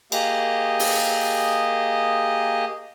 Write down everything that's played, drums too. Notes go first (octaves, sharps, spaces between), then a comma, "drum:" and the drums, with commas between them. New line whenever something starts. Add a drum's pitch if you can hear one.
A#3 G4 G#4 D#5, drum: cymbal
drum: open hi-hat